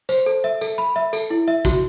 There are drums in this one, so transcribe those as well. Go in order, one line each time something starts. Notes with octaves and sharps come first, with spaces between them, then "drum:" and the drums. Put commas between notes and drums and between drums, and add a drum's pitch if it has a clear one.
C5, drum: tambourine
A4
E5
A4, drum: tambourine
B5
E5
A4, drum: tambourine
E4
E5
F#4, drum: kick, tambourine